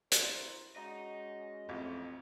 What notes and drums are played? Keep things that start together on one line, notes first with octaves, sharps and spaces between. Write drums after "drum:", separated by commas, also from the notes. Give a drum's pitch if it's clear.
E4 A#4 C5, drum: hi-hat
G#3 C#4 F#4 D#5 A#5
A1 F2